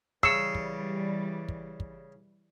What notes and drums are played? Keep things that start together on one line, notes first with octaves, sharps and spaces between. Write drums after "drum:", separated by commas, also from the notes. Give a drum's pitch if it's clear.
C#3 E3 G3 E6 C7 C#7, drum: kick
drum: kick
drum: kick
drum: kick